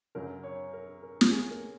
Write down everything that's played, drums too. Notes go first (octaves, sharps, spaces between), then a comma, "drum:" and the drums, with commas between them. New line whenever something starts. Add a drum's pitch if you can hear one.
F#2 C#3 F#3 A#4
C#5
A#4
A#4
drum: snare
G#4
A#4